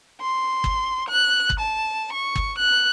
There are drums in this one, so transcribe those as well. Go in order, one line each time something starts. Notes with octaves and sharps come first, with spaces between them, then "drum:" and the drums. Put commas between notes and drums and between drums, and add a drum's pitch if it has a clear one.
C6
drum: kick
F#6
drum: kick
A5
C#6
drum: kick
F#6